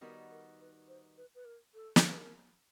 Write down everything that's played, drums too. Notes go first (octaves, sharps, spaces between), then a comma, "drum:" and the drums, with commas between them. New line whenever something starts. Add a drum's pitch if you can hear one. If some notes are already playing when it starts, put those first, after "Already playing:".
D#3 G3 B3 D#4 F#4 A#4
A#4
B4
C5
B4
B4
A#4
A4
drum: snare
B4
A#4